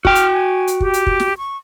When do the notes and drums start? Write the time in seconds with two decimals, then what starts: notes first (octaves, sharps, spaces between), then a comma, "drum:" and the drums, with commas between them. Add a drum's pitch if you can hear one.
0.05 F#4 G5 F6, drum: kick
0.15 drum: hi-hat
0.33 G#5
0.67 drum: hi-hat
0.80 G4, drum: kick
0.94 drum: hi-hat
1.07 drum: kick
1.20 drum: snare
1.38 C#6